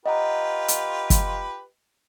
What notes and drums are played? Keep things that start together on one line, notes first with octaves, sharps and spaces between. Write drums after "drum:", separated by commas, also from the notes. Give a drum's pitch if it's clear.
F4 G4 B4 D#5 F#5 A#5
drum: hi-hat
drum: kick, hi-hat